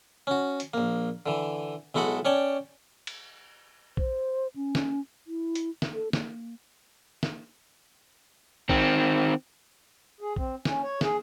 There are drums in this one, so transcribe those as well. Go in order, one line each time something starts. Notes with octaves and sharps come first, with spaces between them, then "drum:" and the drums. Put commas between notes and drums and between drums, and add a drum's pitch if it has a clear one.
C#4 F#4
drum: hi-hat
A#1 A#3
D3 E3
B1 G#3 E4 F#4 A4 F#5
C#4 C#5 D5 G5 A5
drum: cymbal
C5, drum: kick A#1
C#4
drum: snare
E4
drum: hi-hat
drum: snare
A4
A#3, drum: snare
drum: snare
D#3 C4, drum: kick A#1
G#4
C4, drum: kick A#1
C#4, drum: snare
C#5
G#4, drum: snare